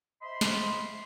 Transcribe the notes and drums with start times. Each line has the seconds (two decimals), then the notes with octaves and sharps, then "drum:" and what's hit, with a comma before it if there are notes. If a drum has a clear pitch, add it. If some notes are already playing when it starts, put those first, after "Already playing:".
0.22 C5 D#5 E5 B5 C6
0.41 drum: snare